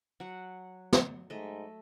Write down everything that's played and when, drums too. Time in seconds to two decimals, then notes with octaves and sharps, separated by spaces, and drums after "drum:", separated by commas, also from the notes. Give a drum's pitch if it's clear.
0.20 F#3 F#5
0.93 drum: snare
1.30 G#2 A3 D#5